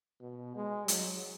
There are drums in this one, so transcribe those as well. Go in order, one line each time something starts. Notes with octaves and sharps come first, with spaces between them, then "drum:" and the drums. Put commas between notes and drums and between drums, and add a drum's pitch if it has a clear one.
B2
G#3
F#3, drum: hi-hat